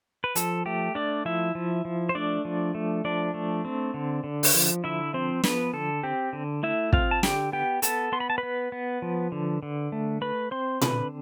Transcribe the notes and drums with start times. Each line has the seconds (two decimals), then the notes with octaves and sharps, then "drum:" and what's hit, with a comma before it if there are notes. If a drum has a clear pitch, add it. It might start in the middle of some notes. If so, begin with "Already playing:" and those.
0.24 B4
0.35 F3 A4, drum: hi-hat
0.66 A3 G4
0.95 A3 D4 D5
1.25 F3 E4 E5
1.55 F3
1.85 F3
2.09 C5
2.15 A3 D4 D5
2.45 F3
2.75 A3
3.05 F3 D4 D5
3.34 A3
3.65 C4
3.94 D3
4.24 D3
4.43 drum: open hi-hat
4.54 F3
4.84 D3 E4 E5
5.14 F3 C4 C5
5.44 F3 B3 B4, drum: snare
5.73 D3 A4
6.03 C4 G4
6.33 D3
6.63 A3 E4 E5
6.93 C4 F4 F5, drum: kick
7.11 A5
7.23 D3 G4 G5, drum: snare
7.52 B3 G4 G5
7.82 B3 A4 A5, drum: hi-hat
8.12 B3 C6
8.20 B5
8.30 A5
8.38 B4 B5
8.43 B3
8.72 B3
9.02 F3
9.32 D3
9.63 D3
9.92 A3
10.21 A3 B4 B5
10.51 C4 C5 C6
10.81 D3 B4 B5, drum: tom A#2